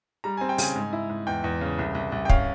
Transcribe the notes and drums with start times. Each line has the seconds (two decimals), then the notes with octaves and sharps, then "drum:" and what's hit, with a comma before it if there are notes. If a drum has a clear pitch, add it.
0.24 G3 A#5
0.37 C4 G#5
0.49 G5
0.58 C#3 G#5, drum: open hi-hat
0.76 G#2
0.93 E4
1.09 G#2
1.27 E2 G5
1.44 E2
1.61 C#3
1.79 C2
1.95 C2
2.12 C2
2.25 G5
2.29 C#4 F5, drum: kick